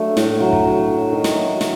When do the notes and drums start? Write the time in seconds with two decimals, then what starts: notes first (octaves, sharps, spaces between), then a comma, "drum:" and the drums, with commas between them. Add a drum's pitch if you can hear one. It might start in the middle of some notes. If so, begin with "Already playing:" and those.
Already playing: F#3 A3 D4
0.17 A2, drum: snare
0.40 F#3
0.53 drum: kick
0.64 F#3
0.89 F#3
1.12 D#3
1.24 drum: snare
1.36 F#3
1.61 D#3, drum: snare